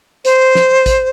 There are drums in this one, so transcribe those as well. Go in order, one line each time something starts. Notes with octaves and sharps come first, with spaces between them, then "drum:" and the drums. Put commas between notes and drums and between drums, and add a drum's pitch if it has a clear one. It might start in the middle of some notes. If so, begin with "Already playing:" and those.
C5, drum: hi-hat
drum: snare
drum: kick A1, hi-hat